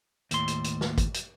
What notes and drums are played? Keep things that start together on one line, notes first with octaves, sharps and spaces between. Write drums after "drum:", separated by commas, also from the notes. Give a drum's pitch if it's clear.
D#2 A2 C6, drum: hi-hat
drum: hi-hat
drum: hi-hat
drum: snare
drum: kick, hi-hat
drum: hi-hat